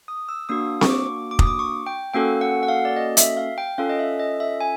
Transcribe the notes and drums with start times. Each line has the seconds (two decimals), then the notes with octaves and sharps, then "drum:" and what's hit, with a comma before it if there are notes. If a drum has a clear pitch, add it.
0.08 D#6
0.29 E6
0.49 A#3 D4 F#4 D#6
0.81 C#6, drum: snare C4
0.90 D6
1.31 D6
1.39 D#6, drum: kick F1
1.47 D6
1.59 C#6
1.86 G5
2.14 A#3 C#4 F#4 A4 G5
2.41 F#5
2.63 F#5
2.68 F5
2.85 D5
2.96 D#5
3.17 E5, drum: hi-hat
3.37 F5
3.58 G5
3.78 C#4 F4 A4 F5
3.90 D#5
3.99 E5
4.19 D#5
4.40 E5
4.61 G#5